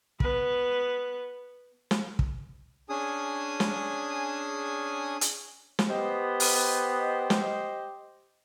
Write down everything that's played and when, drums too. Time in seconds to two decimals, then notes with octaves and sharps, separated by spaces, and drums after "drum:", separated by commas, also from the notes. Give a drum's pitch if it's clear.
0.20 B3 B4, drum: kick
1.91 drum: snare
2.19 drum: kick
2.89 C#4 D4 G#4 G#5 D#6
3.60 drum: snare
5.21 drum: hi-hat
5.79 drum: snare
5.89 B3 G4 C5 D#5
6.40 drum: open hi-hat
7.30 drum: snare